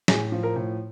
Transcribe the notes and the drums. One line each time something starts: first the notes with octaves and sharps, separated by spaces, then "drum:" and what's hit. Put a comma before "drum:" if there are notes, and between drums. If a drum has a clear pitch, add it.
A2 G#4, drum: snare
F3
A#4
A2